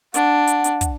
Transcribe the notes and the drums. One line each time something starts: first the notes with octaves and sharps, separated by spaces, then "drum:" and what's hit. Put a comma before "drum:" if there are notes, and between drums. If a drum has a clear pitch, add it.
D4 F#5, drum: hi-hat
drum: hi-hat
drum: hi-hat
drum: kick, hi-hat